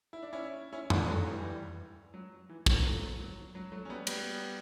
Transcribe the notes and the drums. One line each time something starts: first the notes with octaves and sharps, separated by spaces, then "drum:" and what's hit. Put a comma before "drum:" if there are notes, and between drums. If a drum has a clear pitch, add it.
E4
D4
C#4 E4
C#4 E4
B3 D4, drum: tom F2
F#3 A3
E3 G3
F#3
E3
F#3, drum: kick
F#3 A3
F#3
F#3
F#3 A3
C#4
G3 B3
G3 B3, drum: cymbal